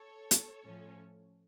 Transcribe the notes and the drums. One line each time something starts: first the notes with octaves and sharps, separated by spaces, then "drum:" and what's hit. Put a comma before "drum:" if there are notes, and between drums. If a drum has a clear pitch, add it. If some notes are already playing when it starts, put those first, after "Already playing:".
Already playing: A4 C#5
drum: hi-hat
A2 F3 C#4